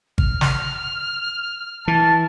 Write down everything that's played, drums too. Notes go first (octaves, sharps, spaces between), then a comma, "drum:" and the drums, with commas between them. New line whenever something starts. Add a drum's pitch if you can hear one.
F6, drum: kick G#1
drum: snare
E3 A5